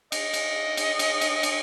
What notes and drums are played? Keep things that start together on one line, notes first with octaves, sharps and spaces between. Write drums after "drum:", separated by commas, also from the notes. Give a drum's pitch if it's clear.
D#5, drum: cymbal
drum: cymbal
drum: cymbal
drum: cymbal
drum: cymbal
drum: cymbal